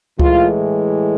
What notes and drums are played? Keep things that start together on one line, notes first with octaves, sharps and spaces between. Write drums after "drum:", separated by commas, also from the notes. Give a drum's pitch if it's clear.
A2 E3 G#3 F4, drum: kick C#2